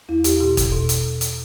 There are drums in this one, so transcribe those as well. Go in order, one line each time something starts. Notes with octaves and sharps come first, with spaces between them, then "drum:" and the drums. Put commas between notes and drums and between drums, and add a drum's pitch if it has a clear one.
E2 E4
E2 G4, drum: hi-hat
B2 G4
E2, drum: kick, hi-hat
B2
drum: hi-hat
drum: hi-hat